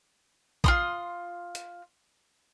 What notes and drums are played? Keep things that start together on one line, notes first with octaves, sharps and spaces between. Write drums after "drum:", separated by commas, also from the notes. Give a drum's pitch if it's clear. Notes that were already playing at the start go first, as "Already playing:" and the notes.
F4 C6 D#6, drum: kick
drum: hi-hat